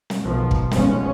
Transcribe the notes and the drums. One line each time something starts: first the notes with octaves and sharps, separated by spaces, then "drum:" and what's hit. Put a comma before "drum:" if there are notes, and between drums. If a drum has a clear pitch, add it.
drum: snare
B1 D#3 F3
drum: kick
F1 C2 F3 G#3 B3 C#4, drum: snare